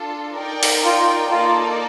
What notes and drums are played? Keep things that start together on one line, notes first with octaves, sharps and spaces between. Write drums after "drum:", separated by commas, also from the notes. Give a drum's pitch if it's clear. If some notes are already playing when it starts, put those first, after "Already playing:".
Already playing: D4 F4 A4
D#4 A#4 D5 G5
drum: open hi-hat
F4
A#3 D#4 F4 A4 D5